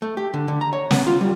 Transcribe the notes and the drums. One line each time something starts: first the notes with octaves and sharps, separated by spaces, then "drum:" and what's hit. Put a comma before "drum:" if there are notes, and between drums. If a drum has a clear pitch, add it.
A3
G4
D3
D3
A#5
C#5
B3, drum: snare
F4
G3